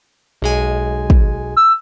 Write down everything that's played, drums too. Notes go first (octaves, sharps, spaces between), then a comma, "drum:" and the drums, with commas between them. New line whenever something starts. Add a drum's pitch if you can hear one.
B1 G#3 G#5
drum: kick
E6